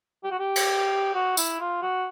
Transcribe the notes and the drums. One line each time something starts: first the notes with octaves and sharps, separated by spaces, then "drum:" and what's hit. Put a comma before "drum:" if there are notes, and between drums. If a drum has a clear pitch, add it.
G4
F#4
G4
drum: cymbal
F#4
E4, drum: tambourine
F4
F#4